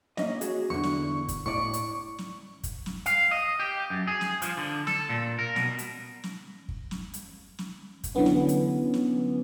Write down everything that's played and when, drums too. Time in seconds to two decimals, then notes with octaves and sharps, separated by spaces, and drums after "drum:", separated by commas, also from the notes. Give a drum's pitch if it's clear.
0.17 A#3 C#4 D#5, drum: snare
0.41 F#4 G#4, drum: hi-hat
0.70 E2 D3 C#6
0.83 drum: snare
1.28 drum: kick, hi-hat
1.46 A2 D5 C#6
1.73 drum: hi-hat
2.18 drum: snare
2.63 drum: kick, hi-hat
2.86 drum: snare
3.06 F5, drum: hi-hat
3.31 D#5
3.60 G4
3.90 F#2
4.07 G#4
4.21 drum: snare
4.42 F3, drum: hi-hat
4.57 D3
4.87 A4, drum: snare
5.09 A#2
5.39 A#4
5.56 B2, drum: snare
5.79 drum: hi-hat
6.24 drum: snare
6.69 drum: kick
6.91 drum: snare
7.14 drum: hi-hat
7.59 drum: snare
8.04 drum: kick, hi-hat
8.15 D3 E3 F#3 B3 C#4
8.26 drum: snare
8.49 drum: hi-hat
8.94 drum: snare